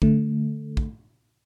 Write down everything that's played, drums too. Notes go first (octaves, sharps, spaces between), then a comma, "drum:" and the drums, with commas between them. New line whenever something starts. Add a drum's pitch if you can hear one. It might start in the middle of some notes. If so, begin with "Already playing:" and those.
D3 A3, drum: kick
drum: kick